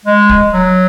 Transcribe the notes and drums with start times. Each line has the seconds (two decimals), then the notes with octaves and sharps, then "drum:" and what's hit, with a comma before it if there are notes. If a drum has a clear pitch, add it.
0.05 G#3
0.29 drum: kick
0.53 F#3